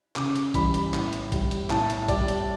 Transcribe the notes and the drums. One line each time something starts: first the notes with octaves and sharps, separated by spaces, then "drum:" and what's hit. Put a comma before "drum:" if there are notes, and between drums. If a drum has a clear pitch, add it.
C#3 D6, drum: clap
drum: hi-hat
E3 G3 B5, drum: kick, hi-hat
drum: hi-hat
A2, drum: clap
drum: hi-hat
G3, drum: kick, hi-hat
drum: hi-hat
A2 A5, drum: clap
drum: hi-hat
G3 D5, drum: kick, hi-hat
drum: hi-hat